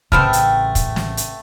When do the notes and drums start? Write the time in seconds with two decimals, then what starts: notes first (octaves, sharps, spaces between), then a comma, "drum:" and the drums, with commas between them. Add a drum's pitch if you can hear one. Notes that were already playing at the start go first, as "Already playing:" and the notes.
0.12 A1 C#3 A3 B3 C4 G5 A5 F6, drum: kick
0.33 drum: hi-hat
0.75 drum: kick, hi-hat
0.96 drum: snare
1.17 drum: hi-hat